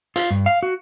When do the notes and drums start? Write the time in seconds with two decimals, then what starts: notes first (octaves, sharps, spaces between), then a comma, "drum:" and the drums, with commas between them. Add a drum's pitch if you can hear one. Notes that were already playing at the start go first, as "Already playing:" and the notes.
0.16 F4, drum: hi-hat
0.31 G2
0.46 F5
0.63 F#4